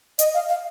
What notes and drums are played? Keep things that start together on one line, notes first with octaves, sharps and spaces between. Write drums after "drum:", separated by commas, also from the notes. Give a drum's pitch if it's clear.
D#5, drum: hi-hat
F5
F5